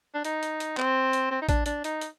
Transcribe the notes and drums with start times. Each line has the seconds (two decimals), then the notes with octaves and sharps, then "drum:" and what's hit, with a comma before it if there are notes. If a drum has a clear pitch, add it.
0.14 D4
0.24 D#4, drum: hi-hat
0.43 drum: hi-hat
0.60 drum: hi-hat
0.77 C4, drum: clap
1.13 drum: hi-hat
1.31 C4
1.41 D#4
1.49 D4, drum: kick A1, hi-hat
1.66 D4, drum: hi-hat
1.84 D#4, drum: hi-hat
2.01 drum: hi-hat